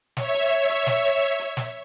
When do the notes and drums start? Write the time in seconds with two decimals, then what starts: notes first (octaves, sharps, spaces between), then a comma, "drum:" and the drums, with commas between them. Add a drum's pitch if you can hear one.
0.17 C#5 E5, drum: snare
0.34 drum: hi-hat
0.69 drum: hi-hat
0.87 drum: snare
1.39 drum: hi-hat
1.57 drum: snare